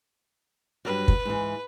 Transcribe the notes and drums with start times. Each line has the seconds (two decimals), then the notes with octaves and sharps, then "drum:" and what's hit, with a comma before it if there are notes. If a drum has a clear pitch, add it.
0.85 G2 F#3 B4
1.08 drum: kick
1.25 G#2 E3